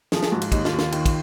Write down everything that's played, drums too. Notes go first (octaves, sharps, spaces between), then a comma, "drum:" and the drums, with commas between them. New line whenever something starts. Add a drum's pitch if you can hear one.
F3 G#4, drum: snare
G#4, drum: snare
G#2 F#4
F4, drum: cymbal
D#2 D#4, drum: kick, cymbal
F4, drum: snare
D#2
F4, drum: snare
D#3, drum: cymbal
drum: kick, cymbal